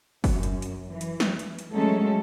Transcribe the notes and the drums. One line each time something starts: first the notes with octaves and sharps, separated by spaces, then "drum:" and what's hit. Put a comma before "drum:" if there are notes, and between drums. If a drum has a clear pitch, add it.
F#2, drum: kick F#1, open hi-hat
drum: hi-hat
drum: hi-hat
E3
drum: hi-hat
drum: snare
drum: hi-hat
drum: hi-hat
F#3 G#3 A3 C#4 A4